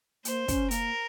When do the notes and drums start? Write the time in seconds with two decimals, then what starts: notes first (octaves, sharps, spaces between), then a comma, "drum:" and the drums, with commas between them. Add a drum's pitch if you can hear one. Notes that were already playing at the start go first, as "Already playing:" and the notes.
0.25 A#3 C5, drum: hi-hat
0.48 C#4, drum: kick, hi-hat
0.71 A#3 A#4, drum: hi-hat